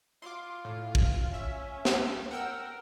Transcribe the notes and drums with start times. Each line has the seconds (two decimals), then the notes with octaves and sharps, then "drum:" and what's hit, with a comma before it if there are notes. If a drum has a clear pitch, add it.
0.22 F4 C6 D6
0.65 A2
0.95 drum: kick
1.34 C#4 E5
1.85 drum: snare
2.31 A#4 F#5 G5 E6